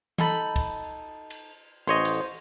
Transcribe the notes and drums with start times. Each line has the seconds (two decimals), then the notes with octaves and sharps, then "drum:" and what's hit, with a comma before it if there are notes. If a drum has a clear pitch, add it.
0.18 D#4 A4 B5, drum: tom
0.56 drum: kick, cymbal
1.30 drum: cymbal
1.87 A1 C5 C#5 D#5
2.05 drum: cymbal